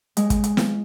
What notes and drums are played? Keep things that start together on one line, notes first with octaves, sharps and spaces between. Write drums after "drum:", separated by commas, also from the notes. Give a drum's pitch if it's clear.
G#3, drum: hi-hat
drum: kick, hi-hat
drum: hi-hat
drum: snare